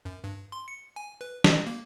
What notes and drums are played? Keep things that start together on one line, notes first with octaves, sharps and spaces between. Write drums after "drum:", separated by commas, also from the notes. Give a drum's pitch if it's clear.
F#2
G2
C6
C#7
G#5
B4
D#5, drum: snare
A#3